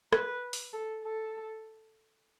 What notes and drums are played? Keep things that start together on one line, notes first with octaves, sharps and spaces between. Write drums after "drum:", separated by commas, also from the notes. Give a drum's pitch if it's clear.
B4, drum: rim click
drum: open hi-hat
A4
A4